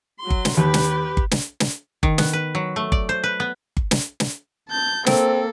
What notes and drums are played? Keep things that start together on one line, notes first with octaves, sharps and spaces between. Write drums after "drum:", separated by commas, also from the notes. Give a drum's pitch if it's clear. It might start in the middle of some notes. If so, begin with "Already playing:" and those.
F#3 C6
drum: kick G1
drum: snare
D#2 G4 B4
drum: snare
drum: kick G1
drum: snare
drum: snare
D#3, drum: kick G1
B3, drum: snare
B4
F#3
A3
D5, drum: kick G1
C5
B4
B3
drum: kick G1
drum: snare
drum: snare
A5 G6
A#3 C4 A4, drum: snare